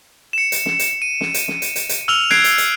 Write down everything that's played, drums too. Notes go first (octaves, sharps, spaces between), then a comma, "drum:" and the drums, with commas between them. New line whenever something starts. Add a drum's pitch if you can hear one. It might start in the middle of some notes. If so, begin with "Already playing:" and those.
C#7 E7
drum: hi-hat
drum: snare
drum: hi-hat
D#7
drum: snare
drum: hi-hat
drum: snare
drum: hi-hat
drum: hi-hat
drum: hi-hat
E6 F6 F7
F#6 G#6 C7 D7, drum: snare
drum: hi-hat
drum: hi-hat